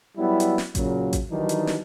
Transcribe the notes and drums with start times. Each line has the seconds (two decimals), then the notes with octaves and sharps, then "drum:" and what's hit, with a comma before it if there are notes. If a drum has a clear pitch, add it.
0.18 F#3 G3 B3 E4
0.40 drum: hi-hat
0.58 drum: snare
0.75 A#2 C#3 F#3, drum: kick A1, hi-hat
1.13 drum: kick A1, hi-hat
1.31 D#3 E3 F#3 G3 D4 D#4
1.49 drum: hi-hat
1.67 drum: snare